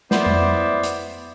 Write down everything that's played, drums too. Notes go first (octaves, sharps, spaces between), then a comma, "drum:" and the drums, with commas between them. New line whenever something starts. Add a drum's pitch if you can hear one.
B3 E4 C5 D5, drum: snare
drum: tom F2
drum: hi-hat